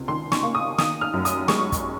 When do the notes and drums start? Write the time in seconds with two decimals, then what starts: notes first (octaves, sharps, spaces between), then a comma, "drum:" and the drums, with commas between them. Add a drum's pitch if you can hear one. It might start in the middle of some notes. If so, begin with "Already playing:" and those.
Already playing: C#2 C3
0.08 D#3 C6
0.32 C#6, drum: snare
0.43 A#3
0.55 D#6
0.78 D#3 D#6, drum: snare
1.01 F6
1.14 F#2
1.25 D#6, drum: hi-hat
1.48 G#3 C#6, drum: snare
1.72 drum: kick, hi-hat